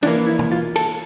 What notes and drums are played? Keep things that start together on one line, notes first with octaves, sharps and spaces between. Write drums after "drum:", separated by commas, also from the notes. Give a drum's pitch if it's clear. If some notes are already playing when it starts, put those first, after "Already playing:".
F2 E3 A#3 D4, drum: cymbal
E4
drum: tom
F4
A4, drum: cymbal